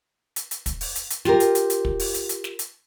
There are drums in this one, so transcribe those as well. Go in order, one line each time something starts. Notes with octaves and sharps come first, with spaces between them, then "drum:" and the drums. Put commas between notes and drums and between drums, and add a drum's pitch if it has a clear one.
drum: hi-hat
drum: hi-hat
drum: kick, hi-hat
drum: open hi-hat
drum: hi-hat
drum: hi-hat
F4 G4 A#4, drum: snare
drum: hi-hat
drum: hi-hat
drum: hi-hat
drum: kick
drum: open hi-hat
drum: hi-hat
drum: hi-hat
drum: snare
drum: hi-hat